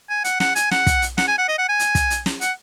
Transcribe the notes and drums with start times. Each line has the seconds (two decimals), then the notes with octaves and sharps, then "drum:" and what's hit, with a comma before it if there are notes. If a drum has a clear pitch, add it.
0.09 G#5
0.24 F#5, drum: hi-hat
0.40 F#5, drum: snare
0.56 G#5, drum: hi-hat
0.71 F#5, drum: snare
0.87 drum: kick, hi-hat
1.02 drum: hi-hat
1.18 F#5, drum: snare
1.28 G#5
1.38 F#5
1.48 D#5
1.58 F#5
1.69 G#5
1.79 drum: hi-hat
1.95 drum: kick, hi-hat
2.10 drum: hi-hat
2.26 drum: snare
2.41 F#5, drum: hi-hat